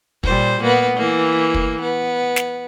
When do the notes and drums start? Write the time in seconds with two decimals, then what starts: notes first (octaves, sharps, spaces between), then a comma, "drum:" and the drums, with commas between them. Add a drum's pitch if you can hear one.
0.24 A#2 G3 C5, drum: kick
0.60 A#2 A#3 B3
0.97 E3 A#3
1.54 drum: kick
1.81 B3
2.36 drum: snare